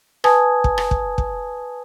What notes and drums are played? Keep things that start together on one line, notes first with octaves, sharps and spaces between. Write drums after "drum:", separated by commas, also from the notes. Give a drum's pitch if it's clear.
B4 G#5 A5 D#6 G#6, drum: rim click
drum: kick
drum: rim click
drum: kick
drum: kick